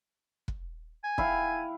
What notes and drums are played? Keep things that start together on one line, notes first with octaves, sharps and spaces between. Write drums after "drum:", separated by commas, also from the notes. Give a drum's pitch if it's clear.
drum: kick
G#5
E4 F5 G5, drum: kick